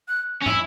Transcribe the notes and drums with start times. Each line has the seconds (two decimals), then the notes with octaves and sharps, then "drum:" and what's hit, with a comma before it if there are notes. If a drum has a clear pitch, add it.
0.08 F#6
0.42 C#4
0.46 E4 E6, drum: tom